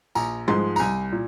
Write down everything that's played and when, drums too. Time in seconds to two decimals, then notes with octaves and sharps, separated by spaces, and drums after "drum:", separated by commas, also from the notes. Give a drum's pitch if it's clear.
0.15 A#1 A#5, drum: tambourine
0.48 G#2 F3 G#3 C6, drum: tom G3
0.76 A#5, drum: tambourine
0.80 C2 G#5
1.12 A#2